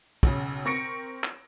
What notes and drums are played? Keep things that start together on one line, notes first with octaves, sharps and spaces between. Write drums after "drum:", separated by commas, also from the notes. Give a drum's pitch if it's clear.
B1 C#3, drum: kick
C4 A#4 C#6 A#6 C#7 D7
drum: clap